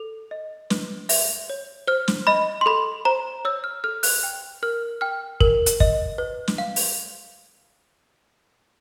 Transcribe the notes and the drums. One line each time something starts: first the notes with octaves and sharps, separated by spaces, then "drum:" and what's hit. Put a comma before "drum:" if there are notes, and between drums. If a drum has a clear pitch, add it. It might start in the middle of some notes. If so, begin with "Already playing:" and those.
Already playing: A4
D#5
B4, drum: snare
E5, drum: open hi-hat
C#5
C5 F6
drum: snare
D#5 B5
C6
A4 B5
C5 A#5
C#5 E6
F6
A4 F6
F#6, drum: open hi-hat
G5
A#4 F6
G5 F6
A#4, drum: kick
drum: hi-hat
D#5, drum: kick
B4
drum: snare
F5
drum: open hi-hat